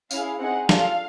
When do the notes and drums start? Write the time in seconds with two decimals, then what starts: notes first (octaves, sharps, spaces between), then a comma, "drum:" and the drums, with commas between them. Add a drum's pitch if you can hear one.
0.11 C#4 E4 G#4 F5, drum: tambourine
0.39 C4 D#4 G#4 F#5
0.69 D4 F4 A4 F5, drum: snare